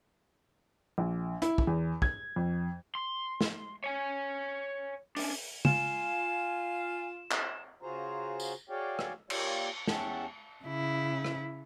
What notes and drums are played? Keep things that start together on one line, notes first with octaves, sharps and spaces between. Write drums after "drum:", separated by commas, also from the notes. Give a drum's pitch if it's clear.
A#1
E4, drum: hi-hat
drum: kick
E2
G#6, drum: kick
F2
C6
drum: snare
C#5 G#5
C#4 D4, drum: open hi-hat
F4 G#5 E7, drum: tom
drum: clap
C#3 F4 F#4 G#4 C5 A#5
drum: tambourine
F#4 G#4 C#5 D5 F5 G5
drum: rim click
A#3 F4 G4 C#5 D5, drum: cymbal
E2 C#4 G4 E5 F#5 A5, drum: snare
C#3 E4
drum: rim click